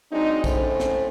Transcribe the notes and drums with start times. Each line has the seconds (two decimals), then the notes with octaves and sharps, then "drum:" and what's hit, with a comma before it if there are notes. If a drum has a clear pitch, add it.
0.11 F#3 G#3 C4 D4 D#4
0.44 A2 A3 C#4 C5, drum: kick A#1, tambourine
0.80 drum: snare